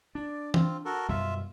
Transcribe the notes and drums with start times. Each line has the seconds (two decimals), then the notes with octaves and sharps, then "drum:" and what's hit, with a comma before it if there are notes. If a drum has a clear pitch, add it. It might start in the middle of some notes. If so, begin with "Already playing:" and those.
0.15 D4 D5
0.54 C4 F4, drum: tom
0.85 F#4 A4 A#4
1.09 F#2 B2 G3 F4 E5